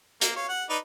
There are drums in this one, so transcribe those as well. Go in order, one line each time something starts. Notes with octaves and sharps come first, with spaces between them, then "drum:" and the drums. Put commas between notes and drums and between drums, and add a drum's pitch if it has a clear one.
A#3, drum: hi-hat
C#5 F5
F#5
D#4 B4 D5